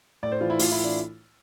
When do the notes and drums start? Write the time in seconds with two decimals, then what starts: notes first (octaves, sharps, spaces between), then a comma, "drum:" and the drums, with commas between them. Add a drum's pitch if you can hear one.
0.23 A2 D5
0.32 C5
0.41 E3 F4
0.50 E4
0.59 A2 F4, drum: open hi-hat
0.71 E4
0.78 E3
0.84 D4